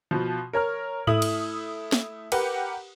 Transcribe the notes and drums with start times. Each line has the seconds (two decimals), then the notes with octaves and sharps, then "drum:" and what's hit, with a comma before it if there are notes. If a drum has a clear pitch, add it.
0.11 B2 F3
0.53 A#4 C#5 A#5 F6
1.07 A3 E4 D#6 F#7, drum: tom G#2
1.22 drum: cymbal
1.92 drum: snare
2.32 G4 A#4 B4 F#5, drum: cymbal